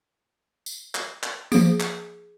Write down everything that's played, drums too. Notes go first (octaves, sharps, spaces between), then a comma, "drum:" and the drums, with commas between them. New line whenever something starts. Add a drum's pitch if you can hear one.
drum: tambourine
drum: clap
drum: clap
F3 A#3 G#4, drum: tambourine
drum: clap